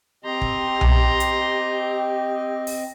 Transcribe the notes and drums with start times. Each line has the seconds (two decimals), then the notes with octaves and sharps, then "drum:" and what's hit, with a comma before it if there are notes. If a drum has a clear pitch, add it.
0.24 C4 G4 D#5 A#5 C6
0.41 drum: kick
0.81 drum: tom B1
1.20 drum: hi-hat
2.67 drum: open hi-hat